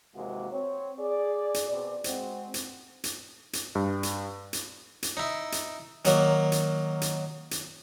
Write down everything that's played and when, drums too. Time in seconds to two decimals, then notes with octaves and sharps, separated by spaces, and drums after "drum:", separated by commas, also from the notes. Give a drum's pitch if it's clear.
0.15 D#2 C3 E3 G#3 A#3 F#4
0.51 C4 C#5
0.99 G#4 D5
1.54 drum: hi-hat
1.70 B2 C4 G#4 D5
2.04 G#3 C4 F#4, drum: hi-hat
2.54 drum: hi-hat
3.04 drum: hi-hat
3.53 drum: hi-hat
3.75 G2
4.03 drum: hi-hat
4.53 drum: hi-hat
5.03 drum: hi-hat
5.17 D#4 E4
5.52 drum: hi-hat
6.05 D#3 F#3 A#3, drum: hi-hat
6.52 drum: hi-hat
7.01 drum: hi-hat
7.51 drum: hi-hat